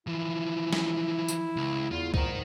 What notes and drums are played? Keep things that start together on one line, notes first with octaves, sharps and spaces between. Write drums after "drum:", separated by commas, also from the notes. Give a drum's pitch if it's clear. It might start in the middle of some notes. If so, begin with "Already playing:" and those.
E3 F3 E4
drum: snare
drum: tambourine
C#2
E2 F4
G#2 D#4 A#4, drum: kick C2